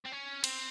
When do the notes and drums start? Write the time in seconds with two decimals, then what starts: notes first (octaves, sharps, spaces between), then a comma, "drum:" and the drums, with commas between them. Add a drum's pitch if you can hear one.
0.06 C4
0.13 C#4
0.44 C4, drum: cymbal